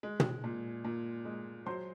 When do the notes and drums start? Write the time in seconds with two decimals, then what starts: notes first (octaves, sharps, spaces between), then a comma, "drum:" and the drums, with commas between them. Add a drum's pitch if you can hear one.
0.03 G#3
0.20 drum: tom
0.44 A#2
0.84 A#2
1.25 G#3
1.66 F#3 C5 C6